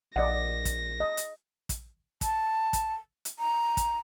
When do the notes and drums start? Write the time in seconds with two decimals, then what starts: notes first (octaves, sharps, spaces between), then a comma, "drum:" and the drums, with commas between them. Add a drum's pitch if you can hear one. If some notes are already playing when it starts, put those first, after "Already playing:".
0.16 A#1 D5 D#5 F#5 A#6
0.65 drum: kick, hi-hat
1.00 D#5
1.17 drum: hi-hat
1.69 drum: kick, hi-hat
2.21 A5, drum: kick, hi-hat
2.73 drum: kick, hi-hat
3.25 drum: hi-hat
3.39 A#5
3.77 drum: kick, hi-hat